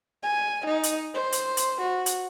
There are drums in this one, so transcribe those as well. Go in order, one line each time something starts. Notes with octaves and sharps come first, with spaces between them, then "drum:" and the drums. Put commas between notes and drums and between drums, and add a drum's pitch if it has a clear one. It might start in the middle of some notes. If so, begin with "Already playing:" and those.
G#5
D#4
drum: hi-hat
C5
drum: hi-hat
drum: hi-hat
F#4
drum: hi-hat